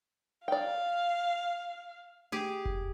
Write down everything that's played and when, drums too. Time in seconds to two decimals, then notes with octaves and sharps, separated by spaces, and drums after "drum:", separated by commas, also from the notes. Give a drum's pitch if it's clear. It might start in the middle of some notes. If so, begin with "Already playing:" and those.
0.48 D5 F5 G5
2.32 G4 G#4, drum: tom A3
2.65 drum: kick F1